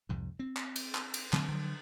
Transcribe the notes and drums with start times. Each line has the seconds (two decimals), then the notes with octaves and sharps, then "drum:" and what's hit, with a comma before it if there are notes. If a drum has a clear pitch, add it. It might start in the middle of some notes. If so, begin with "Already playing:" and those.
0.09 C2 F2 G#2
0.39 C4
0.57 drum: clap
0.76 drum: cymbal
0.95 drum: clap
1.14 drum: cymbal
1.33 D3 F#3 A3 C4, drum: clap
1.48 D3 F3 F#3